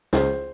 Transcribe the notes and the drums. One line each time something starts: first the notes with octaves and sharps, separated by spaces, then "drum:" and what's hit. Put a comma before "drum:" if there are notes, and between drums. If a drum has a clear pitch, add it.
C#2 C5, drum: snare